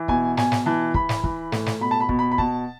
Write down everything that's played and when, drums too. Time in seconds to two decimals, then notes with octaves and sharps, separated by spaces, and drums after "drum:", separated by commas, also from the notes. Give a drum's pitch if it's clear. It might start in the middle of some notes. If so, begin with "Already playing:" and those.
Already playing: E3
0.08 B2 G#5, drum: kick
0.37 B2 G#5, drum: snare
0.52 drum: snare
0.66 E3 A5
0.94 E3 B5, drum: kick
1.09 drum: snare
1.24 E3, drum: kick
1.52 A2, drum: snare
1.66 drum: snare
1.80 B2 B5
1.91 A5
2.00 B5
2.09 B2, drum: kick
2.19 B5
2.32 B5
2.38 B2 A5, drum: kick